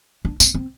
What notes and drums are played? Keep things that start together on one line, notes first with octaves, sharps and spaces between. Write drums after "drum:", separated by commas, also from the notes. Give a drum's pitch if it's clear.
D4
C4, drum: tambourine
C4